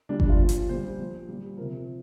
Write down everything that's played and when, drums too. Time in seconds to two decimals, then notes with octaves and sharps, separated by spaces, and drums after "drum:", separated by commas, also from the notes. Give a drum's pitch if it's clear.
0.09 A#2 G3 D4
0.20 D4, drum: kick G1
0.29 F4
0.39 A#2 F3
0.49 drum: hi-hat
0.69 A#2 G3 C5
0.98 A#2 F3
1.29 A#2 G3
1.57 C3 F3 A#4